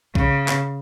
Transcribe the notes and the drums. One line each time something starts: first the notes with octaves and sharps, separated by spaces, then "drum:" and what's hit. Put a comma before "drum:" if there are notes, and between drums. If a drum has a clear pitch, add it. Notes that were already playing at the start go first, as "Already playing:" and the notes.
C#3, drum: kick B1
drum: clap